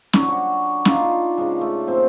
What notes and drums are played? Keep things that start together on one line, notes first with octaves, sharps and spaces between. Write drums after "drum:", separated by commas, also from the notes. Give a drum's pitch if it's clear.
F#3 G3 C#4, drum: snare C#4
D4 F#4
D4 D#4 F4, drum: snare C#4
C#3 G#3
A3
A#2 F#3 C4